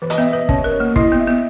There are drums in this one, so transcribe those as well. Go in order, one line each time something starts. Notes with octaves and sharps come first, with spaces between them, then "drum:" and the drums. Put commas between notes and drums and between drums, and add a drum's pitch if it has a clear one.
E3 B4
D#5, drum: hi-hat
B3 E5
B4 D#5
C#4 C#5, drum: kick
A#4
C#5
A#3
E4 D#5, drum: kick
B3
E5
B3